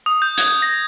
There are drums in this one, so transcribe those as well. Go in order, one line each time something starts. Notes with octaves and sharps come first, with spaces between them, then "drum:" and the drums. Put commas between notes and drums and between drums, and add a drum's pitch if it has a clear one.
D#6
G6
G#6, drum: hi-hat
A#6